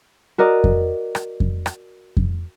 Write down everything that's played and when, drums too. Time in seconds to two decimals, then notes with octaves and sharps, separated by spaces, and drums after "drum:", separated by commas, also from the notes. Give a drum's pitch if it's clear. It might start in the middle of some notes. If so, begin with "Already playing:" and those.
0.38 F#4 A#4 D5 D#5
0.64 drum: kick F2
1.15 drum: rim click
1.40 drum: kick F2
1.66 drum: rim click
2.17 drum: kick F2